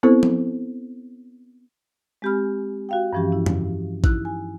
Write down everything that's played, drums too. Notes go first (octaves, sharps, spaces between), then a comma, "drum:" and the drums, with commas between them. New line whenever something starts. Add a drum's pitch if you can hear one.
B3 C4 E4 A4 C5
drum: tom F3
G#3 C4 G4 G#5 B5 F6
F#4 F5 G5
G2 E3 F3 C#4 G4
E4
drum: tom F2
D#4 E4 F#6, drum: kick A1
G#5